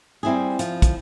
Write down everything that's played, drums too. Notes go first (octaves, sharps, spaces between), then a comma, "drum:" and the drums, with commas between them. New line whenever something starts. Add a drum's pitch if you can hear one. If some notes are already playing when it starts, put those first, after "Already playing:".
G3 C4 E4 G#4
F3, drum: hi-hat
drum: kick, hi-hat